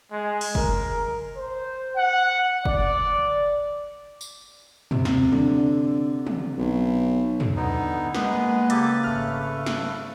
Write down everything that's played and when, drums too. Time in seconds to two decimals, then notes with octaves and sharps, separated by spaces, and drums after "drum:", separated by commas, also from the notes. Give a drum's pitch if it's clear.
0.12 G#3
0.41 drum: open hi-hat
0.55 A#4, drum: kick
1.36 C5
1.95 F#5
2.65 D5, drum: kick
4.21 drum: tambourine
4.91 C3, drum: tom
5.05 drum: snare
5.32 D3, drum: tom
6.27 drum: tom
6.58 B1
7.40 drum: tom
7.57 D3 B3 D#4
8.14 G#3 A#3 B3 B4, drum: snare
8.70 C#3 A#3 G4 A4 A6, drum: hi-hat
9.04 G#1 A3 A4 F6
9.66 drum: snare